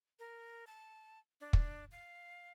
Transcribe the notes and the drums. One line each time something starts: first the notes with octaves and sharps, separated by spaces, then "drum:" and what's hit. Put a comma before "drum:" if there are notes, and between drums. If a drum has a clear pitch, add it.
A#4
A5
D4
drum: kick
F5